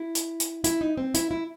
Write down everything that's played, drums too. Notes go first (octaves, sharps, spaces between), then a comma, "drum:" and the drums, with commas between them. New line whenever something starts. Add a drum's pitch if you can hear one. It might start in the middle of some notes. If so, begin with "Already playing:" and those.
Already playing: E4
drum: hi-hat
drum: hi-hat
E4, drum: hi-hat
D#4
C4
E4, drum: hi-hat
E4